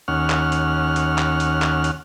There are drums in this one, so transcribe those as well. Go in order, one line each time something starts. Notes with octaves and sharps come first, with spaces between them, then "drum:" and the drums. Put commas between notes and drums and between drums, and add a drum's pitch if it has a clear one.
D#2 C#4 F#5 F6
drum: clap
drum: hi-hat
drum: hi-hat
drum: clap
drum: hi-hat
drum: clap
drum: hi-hat